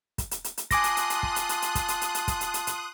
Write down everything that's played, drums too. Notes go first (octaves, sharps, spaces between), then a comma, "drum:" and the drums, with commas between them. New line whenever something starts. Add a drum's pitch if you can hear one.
drum: kick, hi-hat
drum: hi-hat
drum: hi-hat
drum: hi-hat
F4 G#5 A5 C6 D6 D#6 F#6 A#6, drum: kick, hi-hat
drum: hi-hat
drum: hi-hat
drum: hi-hat
drum: kick
drum: hi-hat
drum: hi-hat
drum: hi-hat
drum: kick, hi-hat
drum: hi-hat
drum: hi-hat
drum: hi-hat
drum: kick, hi-hat
drum: hi-hat
drum: hi-hat
drum: hi-hat